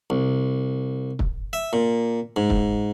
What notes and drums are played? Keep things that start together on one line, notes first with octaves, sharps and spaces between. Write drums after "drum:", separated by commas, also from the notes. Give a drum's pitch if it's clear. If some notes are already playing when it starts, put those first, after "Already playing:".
C2
drum: kick
E5
A#2
G#2
drum: kick